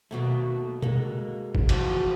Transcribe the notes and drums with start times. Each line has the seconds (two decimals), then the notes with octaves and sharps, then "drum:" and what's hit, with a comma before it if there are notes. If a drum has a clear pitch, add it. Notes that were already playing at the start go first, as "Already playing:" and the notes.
0.11 D#2 B2 F#3 A3 F#4
0.83 G#3 A#3 F#4 A4, drum: tom B2
1.55 drum: kick
1.69 C#3 E3 F3 F#4, drum: cymbal